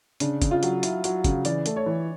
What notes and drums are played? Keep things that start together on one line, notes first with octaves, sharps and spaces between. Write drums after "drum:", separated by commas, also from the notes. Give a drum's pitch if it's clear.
C#3 D4, drum: hi-hat
C#3, drum: kick, hi-hat
F4
F#3, drum: hi-hat
E4, drum: hi-hat
F#3, drum: hi-hat
C#3, drum: kick, hi-hat
E3 D5, drum: hi-hat
A3, drum: hi-hat
C#5
E3